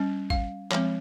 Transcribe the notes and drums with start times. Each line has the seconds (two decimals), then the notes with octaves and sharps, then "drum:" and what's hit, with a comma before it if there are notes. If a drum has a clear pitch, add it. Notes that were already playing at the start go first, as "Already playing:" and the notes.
Already playing: G3 C#4
0.30 F5, drum: kick
0.71 F3 G#3 C4, drum: clap